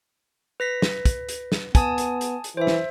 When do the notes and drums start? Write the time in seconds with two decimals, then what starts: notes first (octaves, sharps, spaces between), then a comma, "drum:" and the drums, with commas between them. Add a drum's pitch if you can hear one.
0.60 B4 A#6 B6
0.82 drum: snare
1.05 drum: kick, hi-hat
1.29 drum: hi-hat
1.52 drum: snare
1.75 B3 G#5 A5 D#6, drum: kick, hi-hat
1.98 drum: hi-hat
2.21 drum: hi-hat
2.44 drum: hi-hat
2.57 E3 C5 E5
2.67 drum: snare